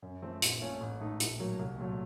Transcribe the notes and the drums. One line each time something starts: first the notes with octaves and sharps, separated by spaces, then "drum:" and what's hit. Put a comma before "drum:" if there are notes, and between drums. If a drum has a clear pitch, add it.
F#2
F3 A3 C4
A#1, drum: hi-hat
A#2 A3 C#4 F4
A1
A2 A3 D#4
A#1, drum: hi-hat
A2 F#3 A#3
C2
A#2 F#3 A3